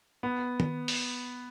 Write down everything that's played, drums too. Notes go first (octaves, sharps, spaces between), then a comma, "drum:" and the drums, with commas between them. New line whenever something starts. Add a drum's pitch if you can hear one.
B3
drum: tom D#3
drum: open hi-hat